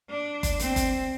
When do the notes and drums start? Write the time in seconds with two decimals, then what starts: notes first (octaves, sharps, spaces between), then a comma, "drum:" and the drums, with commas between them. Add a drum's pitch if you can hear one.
0.10 D4
0.43 drum: kick F#1, hi-hat
0.59 C4, drum: hi-hat
0.76 drum: kick F#1, hi-hat